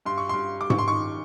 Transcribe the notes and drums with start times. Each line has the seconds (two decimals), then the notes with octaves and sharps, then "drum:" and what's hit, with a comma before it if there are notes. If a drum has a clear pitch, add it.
0.06 G2 C6
0.18 C#6
0.29 G2 C6
0.60 G2 D6
0.70 C#6, drum: tom G#2
0.79 C6
0.88 D#3 C#6